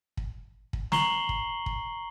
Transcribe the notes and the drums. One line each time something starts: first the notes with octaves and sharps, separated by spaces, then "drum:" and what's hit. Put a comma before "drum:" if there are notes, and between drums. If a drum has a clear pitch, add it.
drum: kick
drum: kick
A#5 C#6 C7 F#7 G7, drum: snare
drum: kick
drum: kick